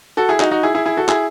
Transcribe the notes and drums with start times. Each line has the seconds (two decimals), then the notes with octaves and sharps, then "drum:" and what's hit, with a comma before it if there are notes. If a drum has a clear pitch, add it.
0.17 F#4 A4
0.29 E4 G#4
0.40 D#4 F#4, drum: clap
0.51 D#4 F#4
0.63 E4 G#4
0.75 E4 G#4
0.86 E4 G#4
0.97 F#4 A4
1.09 E4 G#4, drum: clap